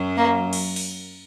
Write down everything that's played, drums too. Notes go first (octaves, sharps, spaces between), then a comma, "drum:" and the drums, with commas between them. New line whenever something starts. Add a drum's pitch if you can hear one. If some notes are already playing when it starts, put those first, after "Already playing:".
Already playing: F#2 F#3
A#3
drum: cymbal
drum: open hi-hat